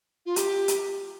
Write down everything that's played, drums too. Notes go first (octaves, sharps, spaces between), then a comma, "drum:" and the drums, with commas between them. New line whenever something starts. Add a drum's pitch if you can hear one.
F4
G4, drum: hi-hat
drum: hi-hat